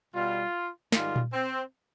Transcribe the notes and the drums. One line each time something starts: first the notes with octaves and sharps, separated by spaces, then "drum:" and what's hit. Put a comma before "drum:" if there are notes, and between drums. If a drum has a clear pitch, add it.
B2 G3 F4
G#2 D#3 G3 F4, drum: snare
drum: tom A#2
C4